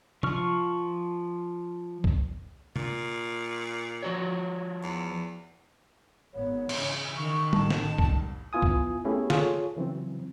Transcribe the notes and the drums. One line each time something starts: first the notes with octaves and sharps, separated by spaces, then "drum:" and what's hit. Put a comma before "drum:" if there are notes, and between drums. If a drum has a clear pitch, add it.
F3 C#6 F6, drum: tom
drum: kick
A#2, drum: tom C3
F3 F#4 C#5
E2
G#1 B3 C#5
C#3 E3, drum: cymbal
D#3 E3 C#6
A1 A5, drum: tom
drum: snare
C2, drum: kick
B3 E4 F4 G#5 D#6
drum: kick
A3 B3 C#4 E4 G4 G#4
F4 G#4 A4 C#5, drum: snare
C#3 E3 F#3 C4